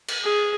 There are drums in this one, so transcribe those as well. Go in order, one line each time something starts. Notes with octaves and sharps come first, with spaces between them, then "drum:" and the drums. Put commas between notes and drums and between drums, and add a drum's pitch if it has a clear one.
drum: cymbal
G#4